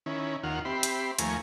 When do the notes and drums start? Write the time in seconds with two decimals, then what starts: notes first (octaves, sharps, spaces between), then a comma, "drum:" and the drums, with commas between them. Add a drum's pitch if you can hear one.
0.06 D#3 C#4 E4
0.43 D#2 D#3 F4 F#5 F6
0.65 C4 G4 E5 B5 C6
0.83 drum: hi-hat
1.19 D#2 F3 A3 G#5 A#5 C#6, drum: hi-hat